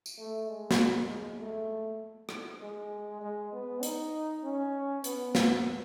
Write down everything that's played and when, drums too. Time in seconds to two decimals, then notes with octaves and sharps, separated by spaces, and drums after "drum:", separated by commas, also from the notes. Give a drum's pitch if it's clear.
0.06 drum: tambourine
0.18 A3
0.48 G#3
0.71 drum: snare
1.09 G#3
1.40 A3
2.29 drum: rim click
2.61 G#3
3.21 G#3
3.52 B3
3.83 D#4, drum: hi-hat
4.44 C#4
5.04 B3, drum: hi-hat
5.35 B3, drum: snare